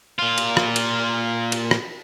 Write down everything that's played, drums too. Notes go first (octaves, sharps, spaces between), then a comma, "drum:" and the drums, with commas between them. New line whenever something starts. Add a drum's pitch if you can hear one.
A#2 F4
drum: cymbal
drum: rim click
drum: cymbal
drum: cymbal
drum: rim click